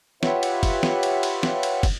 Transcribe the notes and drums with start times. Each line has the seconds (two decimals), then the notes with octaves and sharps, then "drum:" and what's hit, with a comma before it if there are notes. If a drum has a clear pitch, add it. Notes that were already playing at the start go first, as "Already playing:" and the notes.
0.23 F4 G4 B4 C#5 E5 F#5, drum: snare
0.43 drum: cymbal
0.63 drum: kick, cymbal
0.83 drum: snare
1.03 drum: cymbal
1.23 drum: cymbal
1.43 drum: snare
1.63 drum: cymbal
1.83 drum: kick, cymbal